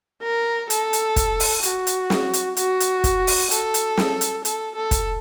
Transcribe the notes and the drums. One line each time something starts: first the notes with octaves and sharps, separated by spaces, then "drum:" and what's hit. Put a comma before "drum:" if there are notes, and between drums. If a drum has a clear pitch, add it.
A#4
A4, drum: hi-hat
drum: hi-hat
drum: kick, hi-hat
drum: open hi-hat
F#4, drum: hi-hat
drum: hi-hat
drum: snare
drum: hi-hat
F#4, drum: hi-hat
drum: hi-hat
drum: kick, hi-hat
drum: open hi-hat
A4, drum: hi-hat
drum: hi-hat
drum: snare
drum: hi-hat
A4, drum: hi-hat
A4
drum: kick, hi-hat